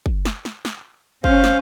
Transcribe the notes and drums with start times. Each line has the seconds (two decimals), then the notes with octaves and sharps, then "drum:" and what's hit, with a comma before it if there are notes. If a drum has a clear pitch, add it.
0.06 drum: kick
0.25 drum: snare
0.45 drum: snare
0.65 drum: snare
1.24 C#4 C5 F5, drum: kick
1.44 drum: snare